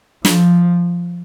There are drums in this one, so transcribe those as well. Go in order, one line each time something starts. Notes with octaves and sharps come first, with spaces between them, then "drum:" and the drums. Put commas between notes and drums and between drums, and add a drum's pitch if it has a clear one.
F3, drum: snare